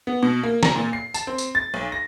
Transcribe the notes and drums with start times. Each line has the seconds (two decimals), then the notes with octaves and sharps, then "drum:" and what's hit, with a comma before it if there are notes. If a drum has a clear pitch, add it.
0.07 B3
0.23 B2
0.43 A#3
0.63 A#5, drum: snare
0.76 A#2
0.93 C7
1.14 A5, drum: tambourine
1.27 C4
1.38 drum: tambourine
1.55 A6
1.74 B1
1.92 A#6